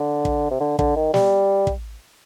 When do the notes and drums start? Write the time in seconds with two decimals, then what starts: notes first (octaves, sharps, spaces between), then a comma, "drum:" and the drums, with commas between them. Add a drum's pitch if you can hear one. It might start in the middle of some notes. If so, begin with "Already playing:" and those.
Already playing: D3
0.25 drum: kick
0.51 C3
0.60 D3
0.79 D3, drum: kick
0.96 D#3
1.14 G3, drum: snare
1.67 drum: kick